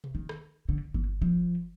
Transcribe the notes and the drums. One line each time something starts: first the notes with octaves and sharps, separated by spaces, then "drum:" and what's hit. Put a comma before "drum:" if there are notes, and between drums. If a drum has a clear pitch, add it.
drum: tom B2
D#3
drum: rim click
D3
E3, drum: kick G1
F3